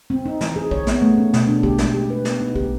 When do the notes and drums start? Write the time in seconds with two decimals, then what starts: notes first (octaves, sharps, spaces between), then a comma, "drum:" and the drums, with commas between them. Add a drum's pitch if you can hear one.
0.10 C4
0.26 D#4
0.41 E3, drum: snare
0.56 G#4
0.71 C#5, drum: kick A#1
0.87 B3, drum: snare
1.02 A3
1.17 C#4
1.33 B2, drum: snare
1.48 D4
1.63 G4, drum: kick A#1
1.78 G#3, drum: snare
1.94 G4
2.10 B4
2.25 B3, drum: snare
2.41 D#4
2.56 G4, drum: kick A#1